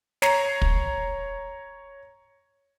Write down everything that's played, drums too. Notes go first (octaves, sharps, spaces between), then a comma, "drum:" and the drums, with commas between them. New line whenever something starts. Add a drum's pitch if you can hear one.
C#5 A#5 C7, drum: snare
drum: kick